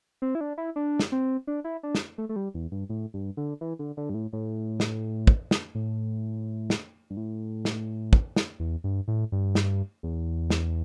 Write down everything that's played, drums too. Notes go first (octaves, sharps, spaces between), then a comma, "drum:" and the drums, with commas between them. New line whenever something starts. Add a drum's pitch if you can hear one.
C4
E4
D4
E4
D4
drum: snare
C4
D4
E4
D4
drum: snare
A3
A3
G3
E2
G2
A2
G2
D3
E3
D3
D3
G2
A2
A2
drum: snare
drum: kick
drum: snare
A2
drum: snare
G2
A2
drum: snare
drum: kick
drum: snare
E2
G2
A2
G2
drum: snare
E2
drum: snare